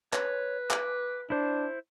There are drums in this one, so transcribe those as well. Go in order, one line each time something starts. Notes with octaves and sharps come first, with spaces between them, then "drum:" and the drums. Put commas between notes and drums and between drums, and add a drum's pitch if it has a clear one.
B4 C#5, drum: clap
D6, drum: clap
D4 E4 C5